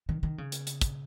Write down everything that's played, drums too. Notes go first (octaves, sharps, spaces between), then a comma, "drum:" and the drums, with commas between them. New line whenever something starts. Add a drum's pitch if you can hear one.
D#3
D#3
C#3
drum: hi-hat
drum: hi-hat
drum: kick, hi-hat